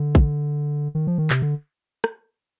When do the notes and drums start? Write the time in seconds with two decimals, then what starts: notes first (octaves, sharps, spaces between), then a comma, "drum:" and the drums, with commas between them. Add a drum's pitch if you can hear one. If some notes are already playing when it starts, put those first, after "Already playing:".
Already playing: D3
0.15 drum: kick
0.95 D#3
1.07 F3
1.18 D#3
1.30 C3, drum: clap
1.42 D3
2.04 drum: rim click